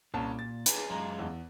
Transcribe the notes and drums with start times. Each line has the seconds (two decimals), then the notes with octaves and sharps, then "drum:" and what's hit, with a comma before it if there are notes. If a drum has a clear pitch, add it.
0.14 C2 A#2 C#4 A5
0.39 A6
0.66 G#4 B4, drum: hi-hat
0.90 F#2 G#3 F4 A#5
1.19 E2